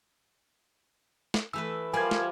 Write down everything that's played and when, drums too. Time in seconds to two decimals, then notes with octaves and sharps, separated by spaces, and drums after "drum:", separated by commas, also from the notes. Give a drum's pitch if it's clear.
1.34 drum: snare
1.53 E3 A3 B4 E6
1.93 F3 G3 F4 A#4 D5 G#5 G#6
2.11 drum: snare